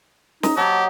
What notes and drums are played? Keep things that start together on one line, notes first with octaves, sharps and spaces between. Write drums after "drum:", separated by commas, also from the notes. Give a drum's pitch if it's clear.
D#4 D#5, drum: snare
F#3 G4 C#5 A5